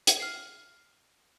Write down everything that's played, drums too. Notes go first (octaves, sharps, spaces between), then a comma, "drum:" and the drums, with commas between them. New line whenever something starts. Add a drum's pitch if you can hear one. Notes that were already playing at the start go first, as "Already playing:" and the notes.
drum: hi-hat
F6 C7